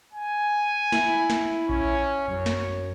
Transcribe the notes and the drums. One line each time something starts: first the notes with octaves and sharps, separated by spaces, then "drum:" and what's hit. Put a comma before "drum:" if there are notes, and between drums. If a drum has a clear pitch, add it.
G#5
E4, drum: snare
drum: snare
C#4, drum: kick A#1
F#2 C#5
drum: snare